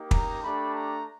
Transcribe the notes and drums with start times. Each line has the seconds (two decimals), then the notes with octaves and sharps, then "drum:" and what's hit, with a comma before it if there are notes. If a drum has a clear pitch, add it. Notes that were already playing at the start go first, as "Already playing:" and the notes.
Already playing: A#3 D#4 G4
0.11 A#5, drum: kick
0.42 A3 D4 G4 B5
0.73 A#5